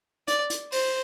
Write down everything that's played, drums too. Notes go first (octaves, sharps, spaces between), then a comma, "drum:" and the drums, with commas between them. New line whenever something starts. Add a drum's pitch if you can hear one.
D5, drum: hi-hat
drum: hi-hat
C5, drum: open hi-hat